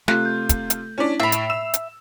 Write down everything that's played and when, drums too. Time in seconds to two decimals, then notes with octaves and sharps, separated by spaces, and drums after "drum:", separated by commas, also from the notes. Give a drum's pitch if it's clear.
0.08 C3 A3 F4 F#6, drum: snare
0.25 G6
0.49 drum: kick, hi-hat
0.70 drum: hi-hat
0.98 C#4 D4 E4 B6
1.20 A2 E5 B5 C7 F7
1.32 drum: hi-hat
1.50 E6 E7
1.74 drum: hi-hat